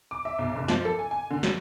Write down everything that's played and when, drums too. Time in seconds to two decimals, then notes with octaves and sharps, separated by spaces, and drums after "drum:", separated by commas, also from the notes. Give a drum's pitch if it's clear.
0.11 D6
0.25 E5
0.38 B1
0.55 F#1
0.68 F3, drum: snare
0.85 A4
0.99 G#5
1.11 G#5
1.30 D3
1.43 F#3, drum: snare